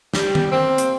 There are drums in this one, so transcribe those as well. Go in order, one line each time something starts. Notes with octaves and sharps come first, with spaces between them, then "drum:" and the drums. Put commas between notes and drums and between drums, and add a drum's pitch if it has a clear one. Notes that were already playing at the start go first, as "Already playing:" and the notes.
G3, drum: snare
drum: tom D#3
A#3 C4
drum: hi-hat